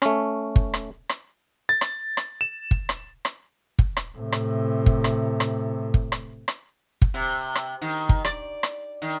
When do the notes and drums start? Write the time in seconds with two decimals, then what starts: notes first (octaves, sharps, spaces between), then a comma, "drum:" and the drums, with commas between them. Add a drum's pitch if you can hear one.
0.02 A3 C#4, drum: rim click
0.56 drum: kick
0.74 drum: rim click
1.09 drum: rim click
1.69 A6
1.81 drum: rim click
2.17 drum: rim click
2.41 E7
2.71 drum: kick
2.89 drum: rim click
3.25 drum: rim click
3.79 drum: kick
3.97 drum: rim click
4.18 A2 C3
4.32 drum: rim click
4.86 drum: kick
5.04 drum: rim click
5.40 drum: rim click
5.94 drum: kick
6.12 drum: rim click
6.48 drum: rim click
7.02 drum: kick
7.14 C3
7.55 drum: rim click
7.82 D#3
8.09 drum: kick
8.25 D5, drum: rim click
8.63 drum: rim click
9.02 D#3